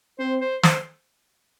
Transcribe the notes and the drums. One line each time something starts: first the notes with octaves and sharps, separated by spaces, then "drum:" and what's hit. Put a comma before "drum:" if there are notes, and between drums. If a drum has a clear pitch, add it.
C4 C5
C5
C5, drum: snare